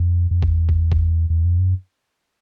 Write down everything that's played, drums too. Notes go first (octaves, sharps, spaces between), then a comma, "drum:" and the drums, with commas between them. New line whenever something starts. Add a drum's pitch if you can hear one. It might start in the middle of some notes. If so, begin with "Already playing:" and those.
Already playing: F2
F2
E2, drum: kick
drum: kick
drum: kick
E2
F2
F#2